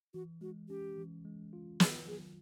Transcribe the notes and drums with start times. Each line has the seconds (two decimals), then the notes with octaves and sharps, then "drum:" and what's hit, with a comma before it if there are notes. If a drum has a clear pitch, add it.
0.14 E3 F#4
0.41 G#3 F#4
0.69 C#4 G4
0.98 E3
1.25 G#3
1.53 F4
1.80 D#3 G#4, drum: snare
2.07 F#3 G#4